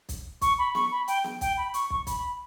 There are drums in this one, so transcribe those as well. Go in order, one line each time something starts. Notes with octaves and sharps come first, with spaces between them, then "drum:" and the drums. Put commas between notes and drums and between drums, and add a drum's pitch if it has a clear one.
drum: kick, hi-hat
C#6, drum: kick, hi-hat
B5
C#6, drum: snare B3
B5
G5, drum: hi-hat
drum: snare B3
G5, drum: kick, hi-hat
B5
C#6, drum: hi-hat
C#6, drum: kick
B5, drum: kick, hi-hat